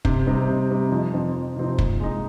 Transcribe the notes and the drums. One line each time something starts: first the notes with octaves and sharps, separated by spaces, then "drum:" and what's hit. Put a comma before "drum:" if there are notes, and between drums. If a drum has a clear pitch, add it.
C3, drum: kick
G3 C4 D#4
C3
G3 C4 D#4
F2
C3 F3 C4 D#4
F2
C3 F3 C4 D#4
A#2, drum: kick
G#3 D#4